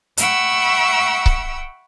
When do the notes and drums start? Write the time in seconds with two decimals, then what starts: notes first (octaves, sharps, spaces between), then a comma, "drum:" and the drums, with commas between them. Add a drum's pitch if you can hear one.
0.17 E5 F#5 G5 B5 C#6 E6, drum: hi-hat
1.26 drum: kick C#1